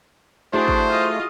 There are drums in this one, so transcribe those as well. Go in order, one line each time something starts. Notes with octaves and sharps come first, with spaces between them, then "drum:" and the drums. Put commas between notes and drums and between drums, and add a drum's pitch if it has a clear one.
A3 D4 E4 F#4 G#4 C5
drum: kick
F4 D#5